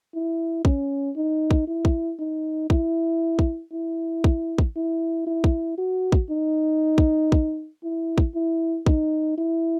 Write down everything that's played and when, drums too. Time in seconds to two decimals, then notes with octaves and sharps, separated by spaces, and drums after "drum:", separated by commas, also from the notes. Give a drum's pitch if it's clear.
0.14 E4
0.65 C#4, drum: kick
1.16 D#4
1.51 drum: kick
1.68 E4
1.85 drum: kick
2.19 D#4
2.70 E4, drum: kick
3.39 drum: kick
3.73 E4
4.24 drum: kick
4.58 drum: kick
4.76 E4
5.27 E4
5.44 drum: kick
5.78 F#4
6.12 drum: kick
6.30 D#4
6.98 drum: kick
7.32 drum: kick
7.83 E4
8.18 drum: kick
8.35 E4
8.86 D#4, drum: kick
9.38 E4